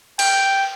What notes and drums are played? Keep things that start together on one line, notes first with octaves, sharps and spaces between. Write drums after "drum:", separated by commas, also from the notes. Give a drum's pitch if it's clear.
G5, drum: cymbal